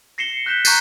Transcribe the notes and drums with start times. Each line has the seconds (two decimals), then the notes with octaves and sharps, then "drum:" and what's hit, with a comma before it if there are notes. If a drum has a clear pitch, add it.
0.18 A#6 C7 C#7 E7 G7
0.46 F#6 G6 B6 E7 G7
0.65 A#5 C#6 F#6 G6 A6 C7, drum: tambourine